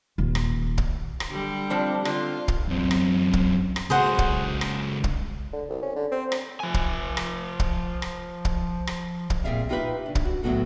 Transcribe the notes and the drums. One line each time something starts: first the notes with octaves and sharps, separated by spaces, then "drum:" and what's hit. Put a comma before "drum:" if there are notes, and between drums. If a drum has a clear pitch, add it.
D#1 D#3
drum: rim click
drum: kick
drum: rim click
D3 G3
F3 C4 D4
D3 C4 F4, drum: rim click
drum: kick
F#2 C4
drum: rim click
drum: kick
drum: rim click
C#2 F#4 G#4 C5 F#5
drum: kick
drum: rim click
drum: kick
D3
C2
C#4
D3
C4
drum: rim click
F3 G#5
drum: kick
drum: rim click
drum: kick
drum: rim click
drum: kick
drum: rim click
drum: kick
A#2 G3 C4 G#4 E5 F5
D#4 F4 G4 G#4 B4 E5
C#3 D4
drum: kick
F#4
D2 A2 F#3 B3 F#4 A4